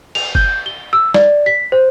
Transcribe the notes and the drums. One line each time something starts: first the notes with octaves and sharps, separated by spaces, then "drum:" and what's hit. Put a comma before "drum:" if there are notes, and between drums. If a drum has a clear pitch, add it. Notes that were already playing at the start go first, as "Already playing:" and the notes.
F7, drum: cymbal
G6, drum: kick
G7
E6
D5, drum: snare
B6
C5